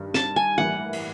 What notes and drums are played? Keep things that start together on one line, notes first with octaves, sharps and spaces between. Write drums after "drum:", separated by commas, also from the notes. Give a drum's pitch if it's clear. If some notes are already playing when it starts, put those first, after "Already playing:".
Already playing: G2 D#3 G3
A5, drum: snare
G#5
A2 E3 G3 A#3 F#5
drum: cymbal